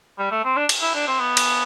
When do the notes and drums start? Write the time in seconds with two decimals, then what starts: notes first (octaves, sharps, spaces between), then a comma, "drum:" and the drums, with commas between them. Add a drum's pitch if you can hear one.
0.19 G3
0.31 A3
0.44 C4
0.56 D4
0.69 drum: cymbal
0.82 E4
0.95 D4
1.07 C4
1.19 B3
1.37 drum: cymbal